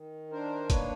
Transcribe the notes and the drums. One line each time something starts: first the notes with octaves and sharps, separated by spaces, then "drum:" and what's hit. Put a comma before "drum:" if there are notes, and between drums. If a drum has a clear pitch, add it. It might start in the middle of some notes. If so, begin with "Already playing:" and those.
Already playing: D#3
D4 A#4 C5
A#3 B4 C#5, drum: kick, hi-hat